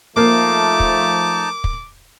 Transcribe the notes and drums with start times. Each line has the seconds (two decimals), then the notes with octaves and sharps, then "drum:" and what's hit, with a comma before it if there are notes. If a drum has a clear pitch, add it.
0.17 F3 A3 A#3 D#4 A5 D6
0.80 drum: kick
1.64 drum: kick